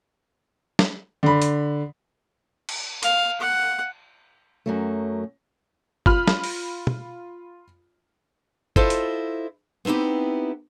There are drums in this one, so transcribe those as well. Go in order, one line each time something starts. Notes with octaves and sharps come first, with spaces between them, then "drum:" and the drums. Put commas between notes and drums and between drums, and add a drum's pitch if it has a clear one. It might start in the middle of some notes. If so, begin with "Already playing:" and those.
drum: snare
D3 B5
drum: hi-hat
drum: cymbal
F5, drum: hi-hat
F#5
F#2 F#3 A3
F4 B5 F6, drum: kick
drum: snare
drum: open hi-hat
drum: tom
E4 F4 A4 C5 D#5, drum: kick
drum: hi-hat
B3 C4 D#4 E4 G4